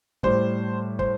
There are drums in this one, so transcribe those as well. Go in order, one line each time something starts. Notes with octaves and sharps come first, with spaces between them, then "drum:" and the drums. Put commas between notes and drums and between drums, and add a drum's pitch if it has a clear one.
A2 G3 C5, drum: kick
C5, drum: kick